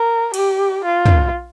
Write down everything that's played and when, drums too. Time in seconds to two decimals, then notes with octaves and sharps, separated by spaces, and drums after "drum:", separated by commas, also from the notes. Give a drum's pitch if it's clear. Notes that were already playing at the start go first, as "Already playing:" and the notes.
Already playing: A#4
0.34 G4, drum: cymbal
0.84 F4
1.06 drum: tom